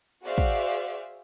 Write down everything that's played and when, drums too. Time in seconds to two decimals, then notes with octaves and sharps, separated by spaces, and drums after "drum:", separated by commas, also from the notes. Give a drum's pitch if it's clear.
0.23 F#4 G#4 C5 D5 E5 F5
0.38 drum: kick